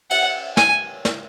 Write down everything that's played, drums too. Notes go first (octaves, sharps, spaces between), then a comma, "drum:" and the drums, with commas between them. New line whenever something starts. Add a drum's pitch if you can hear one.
F#5, drum: cymbal
G#5, drum: snare
drum: snare